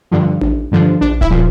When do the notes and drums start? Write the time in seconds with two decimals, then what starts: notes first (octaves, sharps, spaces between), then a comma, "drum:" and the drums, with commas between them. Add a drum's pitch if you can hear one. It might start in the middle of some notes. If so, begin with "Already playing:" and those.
0.11 G2 D3 F3
0.41 A1, drum: tom D4
0.72 G2 D3 F3
1.01 A#1 D4
1.21 E4, drum: kick D1
1.30 A#2 F3